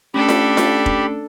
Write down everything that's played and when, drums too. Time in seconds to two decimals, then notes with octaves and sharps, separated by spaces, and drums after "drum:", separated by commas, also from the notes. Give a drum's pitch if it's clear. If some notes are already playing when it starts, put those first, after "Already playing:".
0.14 A3 C#4 D4 G4 A4 B5
0.29 drum: snare F4
0.57 drum: snare F4
0.86 drum: kick F1